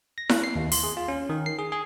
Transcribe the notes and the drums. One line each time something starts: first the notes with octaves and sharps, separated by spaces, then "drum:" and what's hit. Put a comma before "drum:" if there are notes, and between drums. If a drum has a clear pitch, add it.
A#6
F#6, drum: snare E4
C7
D#2
C6, drum: open hi-hat
G#4
F4
C#4
D#3
C7
G#4
G#4